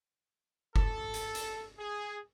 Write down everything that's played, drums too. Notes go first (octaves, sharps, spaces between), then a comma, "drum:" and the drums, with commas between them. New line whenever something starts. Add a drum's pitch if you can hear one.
A4, drum: kick F#1
drum: hi-hat
drum: hi-hat
G#4